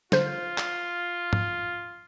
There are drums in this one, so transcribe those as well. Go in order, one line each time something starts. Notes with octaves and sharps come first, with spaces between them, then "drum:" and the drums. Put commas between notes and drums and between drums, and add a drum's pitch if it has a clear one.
D3 F4 C5, drum: snare
drum: clap
drum: tom